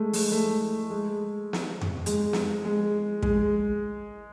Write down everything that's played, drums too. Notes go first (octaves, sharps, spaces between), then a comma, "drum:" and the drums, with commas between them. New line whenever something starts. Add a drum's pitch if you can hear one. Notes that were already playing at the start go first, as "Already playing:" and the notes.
Already playing: G#3 A3
G#3, drum: open hi-hat
A3
G#3
drum: snare
drum: tom F2
G#3, drum: hi-hat
drum: snare
G#3
G#3, drum: kick